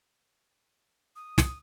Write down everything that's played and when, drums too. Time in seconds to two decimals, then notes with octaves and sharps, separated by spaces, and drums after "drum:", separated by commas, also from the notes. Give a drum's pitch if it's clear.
1.16 D#6
1.38 drum: snare